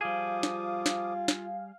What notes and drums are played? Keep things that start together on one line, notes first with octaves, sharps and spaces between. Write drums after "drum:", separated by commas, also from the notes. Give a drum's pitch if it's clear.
F3 G3 F4 G#4 F5 D6 D#6
drum: snare
drum: snare
drum: snare